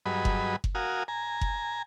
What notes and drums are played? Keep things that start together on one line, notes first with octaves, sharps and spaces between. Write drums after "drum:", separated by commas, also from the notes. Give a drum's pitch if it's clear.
G2 F#3 G#4 B4 D#5 B5
drum: kick F#1
drum: kick F#1
F#4 A#4 F5 G#5 D#6
G#5 A#5
drum: kick F#1